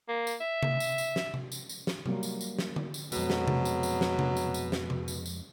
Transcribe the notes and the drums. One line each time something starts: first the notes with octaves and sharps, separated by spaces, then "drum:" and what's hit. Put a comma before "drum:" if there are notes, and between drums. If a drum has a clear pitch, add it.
A#3
drum: tambourine
E5
drum: tom C3
drum: tambourine
drum: tambourine
drum: snare
drum: tom C3
drum: tambourine
drum: tambourine
drum: snare
F#3 G3 A#3, drum: tom C3
drum: tambourine
drum: tambourine
drum: snare
drum: tom D3
drum: tambourine
F2 B2 F#3 G#3, drum: tambourine
drum: snare
drum: tom C3
drum: tambourine
drum: tambourine
drum: snare
drum: tom C3
drum: tambourine
drum: tambourine
drum: snare
drum: tom C3
drum: tambourine
drum: tambourine